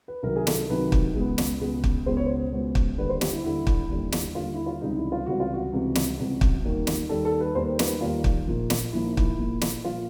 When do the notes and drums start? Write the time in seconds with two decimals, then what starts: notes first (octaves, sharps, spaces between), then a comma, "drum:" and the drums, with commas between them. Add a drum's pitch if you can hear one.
0.08 B4
0.23 C2 C3 D#3 F#3 A#4
0.36 G#4
0.47 A4, drum: snare
0.69 C2 C3 D#3 F#3 B4
0.92 drum: kick
1.15 C#2 B2 G#3 B3
1.38 drum: snare
1.61 C#2 B2 G#3 B3
1.84 drum: kick
2.06 C#2 B2 G#3 B3 C5
2.17 C#5
2.26 C5
2.52 C#2 B2 G#3 B3
2.75 drum: kick
2.98 D#2 D3 G3 B4
3.09 C5
3.21 G4, drum: snare
3.33 E4
3.44 D#2 D3 G3 E4
3.67 drum: kick
3.89 D#2 D3 G3
4.12 drum: snare
4.35 D#2 D3 G3 F4
4.55 E4
4.66 F4
4.81 C#2 C3 E3 G3 D#4
4.97 E4
5.12 F4
5.26 C#2 C3 E3 G3 F#4
5.40 F4
5.54 F#4
5.73 C#2 C3 E3 G3
5.95 drum: snare
6.18 C#2 C3 E3 G3
6.41 drum: kick
6.64 D#2 D#3 G3 A#3
6.87 drum: snare
7.09 D#2 D#3 G3 A#3 A4
7.25 A4
7.41 B4
7.55 D#2 D#3 G3 A#3 C5
7.79 B4, drum: snare
8.01 D#2 D#3 G3 A#3 F4
8.24 drum: kick
8.48 A#1 A#2 F3 A#3
8.70 drum: snare
8.93 A#1 A#2 F3 A#3 E4
9.05 D#4
9.17 E4, drum: kick
9.38 A#1 A#2 F3 A#3
9.61 drum: snare
9.85 A#2 F3 A#3 F4